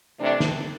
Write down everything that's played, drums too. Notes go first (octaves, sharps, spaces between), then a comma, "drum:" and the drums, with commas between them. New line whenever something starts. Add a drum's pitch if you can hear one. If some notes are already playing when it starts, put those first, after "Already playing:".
C3 E3 A3 D4
drum: snare